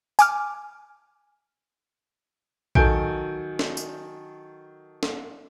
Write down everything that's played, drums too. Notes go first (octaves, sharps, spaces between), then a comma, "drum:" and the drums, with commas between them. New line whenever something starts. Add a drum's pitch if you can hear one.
G#5 D6 F6, drum: tambourine
D#3 F#3 A4 G#5 G6 D7, drum: kick A#1
drum: snare
drum: tambourine
drum: snare